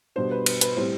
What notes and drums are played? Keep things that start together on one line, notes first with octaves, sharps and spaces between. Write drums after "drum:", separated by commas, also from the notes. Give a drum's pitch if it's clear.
B2 G3 B3 D4 C5
B4
B4, drum: cymbal
B4, drum: hi-hat
A2 G3 C4 C5